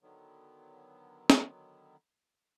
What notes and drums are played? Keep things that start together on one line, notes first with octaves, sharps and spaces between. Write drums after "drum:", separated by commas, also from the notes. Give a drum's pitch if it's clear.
D3 D#3 F#3 B3
drum: snare